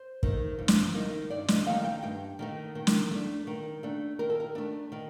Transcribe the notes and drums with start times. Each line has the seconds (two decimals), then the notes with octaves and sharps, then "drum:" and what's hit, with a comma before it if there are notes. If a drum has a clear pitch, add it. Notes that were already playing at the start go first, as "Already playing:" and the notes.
Already playing: C5
0.23 D#3 A3 D#4, drum: kick
0.59 G2
0.68 drum: snare
0.94 D#3 A3 D#4
1.30 G2 D5
1.48 D#5, drum: snare
1.66 D#3 A3 D#4 F5
1.84 G5
2.03 G2 G5
2.39 D#3 A3 D#4
2.75 D#3
2.87 drum: snare
3.11 A3 D4
3.47 D#3
3.83 A3 D4
4.19 D#3 A#4
4.30 A4
4.40 A#4
4.55 A3 D4
4.92 D#3